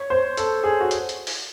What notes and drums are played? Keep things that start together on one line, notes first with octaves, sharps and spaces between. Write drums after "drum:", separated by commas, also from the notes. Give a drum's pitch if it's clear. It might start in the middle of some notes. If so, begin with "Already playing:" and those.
Already playing: C#5
C5
A4, drum: hi-hat
G#4
F#4
drum: hi-hat
drum: hi-hat
drum: open hi-hat